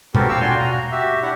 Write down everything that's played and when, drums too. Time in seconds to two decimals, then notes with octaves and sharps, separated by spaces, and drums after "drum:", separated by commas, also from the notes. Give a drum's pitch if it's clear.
0.15 B3 C4 F#4 G4 A4 A#4, drum: tom B2
0.29 F5 G5 C#6 E6
0.41 D4 F4 F#4 G5 G#5 C6
0.58 F#4 A#5
0.92 F#4 G4 E5
1.22 D4 E4 G4 F#5